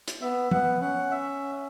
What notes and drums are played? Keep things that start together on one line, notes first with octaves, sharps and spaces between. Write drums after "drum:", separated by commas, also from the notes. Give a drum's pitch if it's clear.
drum: hi-hat
B3 E5
B3 F#5, drum: tom
C#4 F#5
E5